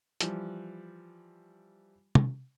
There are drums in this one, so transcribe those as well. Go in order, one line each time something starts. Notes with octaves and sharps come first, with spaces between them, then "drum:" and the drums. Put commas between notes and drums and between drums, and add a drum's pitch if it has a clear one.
E3 F3 G3, drum: hi-hat
drum: tom